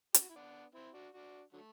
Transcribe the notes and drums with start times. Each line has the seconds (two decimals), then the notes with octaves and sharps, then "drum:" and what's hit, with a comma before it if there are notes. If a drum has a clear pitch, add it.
0.14 G4, drum: hi-hat
0.21 F#4
0.29 E4
0.36 B3 D4
0.75 C4 E4
0.94 D4 F#4
1.13 D4 F#4
1.53 D3 F#3 A3